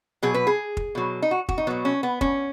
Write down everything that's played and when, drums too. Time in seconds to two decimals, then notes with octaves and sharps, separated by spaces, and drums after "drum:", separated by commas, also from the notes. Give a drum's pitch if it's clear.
0.23 B2 F#3 G#4
0.34 B4
0.47 G#4
0.77 drum: kick
0.95 B2 F#3
1.22 D#4
1.31 F#4
1.49 F#4, drum: kick
1.58 D#4
1.67 B2 F#3 B3
1.85 C#4
2.03 B3
2.21 C#4, drum: kick